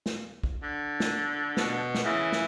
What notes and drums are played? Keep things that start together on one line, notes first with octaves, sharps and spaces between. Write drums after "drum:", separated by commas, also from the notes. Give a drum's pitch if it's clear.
drum: snare
drum: kick
D3
drum: snare
B2 B3, drum: snare
drum: snare
C#3 E3 E4
drum: snare